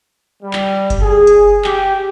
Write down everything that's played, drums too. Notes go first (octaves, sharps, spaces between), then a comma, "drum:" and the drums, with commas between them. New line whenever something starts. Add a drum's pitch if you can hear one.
G3
drum: clap
drum: kick F#1, hi-hat
G#4
drum: hi-hat
G4, drum: clap